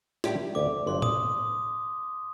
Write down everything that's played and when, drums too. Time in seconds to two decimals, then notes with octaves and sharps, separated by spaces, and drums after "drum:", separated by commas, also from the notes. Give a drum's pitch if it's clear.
0.24 A2 G3 D4 G4 A#4, drum: snare
0.55 D2 D3 A3 D6
0.86 G1 G2 F#3 A3 C6
1.02 D#6, drum: tom A2